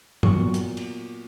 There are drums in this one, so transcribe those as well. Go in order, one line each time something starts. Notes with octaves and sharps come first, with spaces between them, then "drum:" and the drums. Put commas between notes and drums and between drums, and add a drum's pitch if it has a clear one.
A#2 F#3 B3 C#6, drum: tom
drum: hi-hat
drum: cymbal